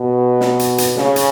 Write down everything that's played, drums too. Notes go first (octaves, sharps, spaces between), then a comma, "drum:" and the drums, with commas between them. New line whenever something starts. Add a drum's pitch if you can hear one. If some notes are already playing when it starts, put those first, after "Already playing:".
Already playing: B2
drum: snare
drum: hi-hat
drum: hi-hat
C#3, drum: snare
drum: hi-hat